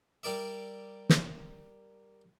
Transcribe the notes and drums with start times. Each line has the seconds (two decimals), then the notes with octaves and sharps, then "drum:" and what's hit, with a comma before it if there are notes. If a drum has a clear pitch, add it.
0.23 G3 G4 A#4 D5 E5
1.09 drum: snare